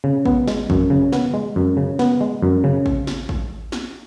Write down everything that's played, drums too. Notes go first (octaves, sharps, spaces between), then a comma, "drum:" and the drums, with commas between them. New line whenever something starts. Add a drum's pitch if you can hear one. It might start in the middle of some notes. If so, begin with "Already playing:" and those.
C#3
B3, drum: kick
G#3, drum: snare
F#2, drum: kick
C#3
B3, drum: snare
G#3
F#2
C#3
B3, drum: snare
G#3
F#2
C#3
drum: kick
drum: snare
drum: kick
drum: snare